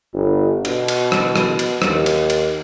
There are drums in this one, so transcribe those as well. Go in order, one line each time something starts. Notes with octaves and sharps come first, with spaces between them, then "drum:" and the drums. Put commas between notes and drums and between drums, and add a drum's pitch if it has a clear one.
G1
B2, drum: cymbal
drum: cymbal
drum: rim click
drum: rim click
drum: cymbal
D#2, drum: rim click
drum: cymbal
drum: cymbal